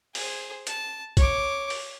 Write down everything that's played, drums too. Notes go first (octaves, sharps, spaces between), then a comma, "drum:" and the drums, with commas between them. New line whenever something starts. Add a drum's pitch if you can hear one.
G#4 C5, drum: open hi-hat
A5, drum: hi-hat
C#5 D6, drum: kick B1, hi-hat
drum: open hi-hat